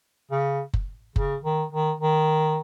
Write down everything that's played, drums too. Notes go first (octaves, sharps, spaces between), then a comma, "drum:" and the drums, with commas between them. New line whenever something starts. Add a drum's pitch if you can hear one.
C#3
drum: kick F#1
C#3, drum: kick F#1
D#3
D#3
D#3